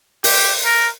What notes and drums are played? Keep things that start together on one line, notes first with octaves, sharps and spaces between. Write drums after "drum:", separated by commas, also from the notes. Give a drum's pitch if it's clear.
G4, drum: open hi-hat
A#4